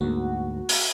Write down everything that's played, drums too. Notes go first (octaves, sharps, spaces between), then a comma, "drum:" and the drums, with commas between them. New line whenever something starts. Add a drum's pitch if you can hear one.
D2 G#2 A#3 F#4
drum: open hi-hat